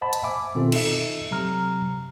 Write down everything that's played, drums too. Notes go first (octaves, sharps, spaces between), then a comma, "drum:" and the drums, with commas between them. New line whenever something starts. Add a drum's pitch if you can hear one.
C5 D#5 F#5 A5 B5
drum: hi-hat
E5 G#5 D6
B2 D#3 C4 F4 A4
D#4 A4 D#5 E5, drum: cymbal
C3 F#3 A#5 F6